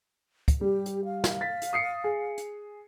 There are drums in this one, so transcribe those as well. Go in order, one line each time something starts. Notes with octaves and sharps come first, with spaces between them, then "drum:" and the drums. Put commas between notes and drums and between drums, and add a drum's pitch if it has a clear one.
drum: kick, hi-hat
G3 G4
drum: hi-hat
F5
drum: snare
A6 B6
drum: hi-hat
D#6 C7 C#7
G#4
drum: hi-hat